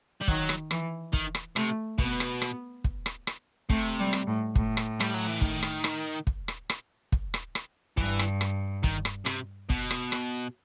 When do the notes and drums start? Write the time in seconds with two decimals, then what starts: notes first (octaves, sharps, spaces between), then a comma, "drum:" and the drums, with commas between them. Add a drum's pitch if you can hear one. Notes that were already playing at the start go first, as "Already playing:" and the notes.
0.21 G3
0.28 D#3 F#3, drum: kick
0.49 drum: rim click
0.71 E3, drum: rim click
1.13 D#3, drum: kick
1.35 drum: rim click
1.56 C3 A3, drum: rim click
1.98 B2 B3, drum: kick
2.20 drum: rim click
2.42 drum: rim click
2.84 drum: kick
3.06 drum: rim click
3.27 drum: rim click
3.69 C3 A3, drum: kick
3.99 G3
4.13 drum: rim click
4.27 A2
4.55 A2, drum: kick
4.77 drum: rim click
5.01 G3, drum: rim click
5.14 F#3
5.27 E3
5.41 D#3, drum: kick
5.63 drum: rim click
5.84 drum: rim click
6.27 drum: kick
6.48 drum: rim click
6.70 drum: rim click
7.12 drum: kick
7.34 drum: rim click
7.55 drum: rim click
7.97 G2 E3, drum: kick
8.19 drum: rim click
8.41 drum: rim click
8.84 D#3, drum: kick
9.05 drum: rim click
9.26 C3, drum: rim click
9.70 B2, drum: kick
9.91 drum: rim click
10.12 drum: rim click